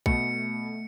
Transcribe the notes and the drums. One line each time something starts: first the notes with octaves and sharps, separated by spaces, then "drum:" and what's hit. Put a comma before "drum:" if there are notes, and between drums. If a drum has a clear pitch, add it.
B2 A3 C#7, drum: kick